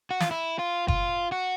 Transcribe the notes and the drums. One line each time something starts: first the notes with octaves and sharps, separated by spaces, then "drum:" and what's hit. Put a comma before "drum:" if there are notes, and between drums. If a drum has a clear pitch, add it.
F#4
F4, drum: snare
E4
F4
F4, drum: kick F#1
F#4